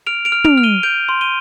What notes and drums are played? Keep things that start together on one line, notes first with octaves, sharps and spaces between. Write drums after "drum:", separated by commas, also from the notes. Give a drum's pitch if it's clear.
F6 D7 F7
D7 F7
F6
D7 F7, drum: tom
F6
D#7 G7
G6 D7 F7
C6
D#7 G7